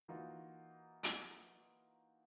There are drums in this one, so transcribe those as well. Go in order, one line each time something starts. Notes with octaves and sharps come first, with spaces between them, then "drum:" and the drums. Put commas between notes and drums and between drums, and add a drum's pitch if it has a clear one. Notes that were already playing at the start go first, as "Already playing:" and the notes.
E3 A#3 D#4 F4 F#4
drum: hi-hat